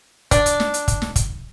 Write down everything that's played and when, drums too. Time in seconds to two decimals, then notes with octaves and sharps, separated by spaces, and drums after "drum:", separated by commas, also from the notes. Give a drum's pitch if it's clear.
0.31 D4, drum: kick, hi-hat
0.46 drum: hi-hat
0.60 drum: snare
0.74 drum: hi-hat
0.88 drum: kick, hi-hat
1.02 drum: snare
1.16 drum: kick, hi-hat